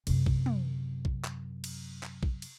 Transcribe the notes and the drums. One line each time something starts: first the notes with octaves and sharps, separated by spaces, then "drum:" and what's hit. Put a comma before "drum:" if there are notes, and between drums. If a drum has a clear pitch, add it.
F#2 C3, drum: cymbal
drum: kick A#1
drum: tom
drum: kick A#1
drum: clap
drum: cymbal
drum: clap
drum: kick A#1
drum: cymbal